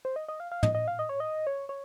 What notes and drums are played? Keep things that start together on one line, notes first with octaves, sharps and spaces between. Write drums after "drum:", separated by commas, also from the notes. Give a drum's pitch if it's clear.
C5
D#5
D#5
F5
F5
D#5, drum: tom A2
D#5
F5
D#5
C#5
D#5
C#5
C#5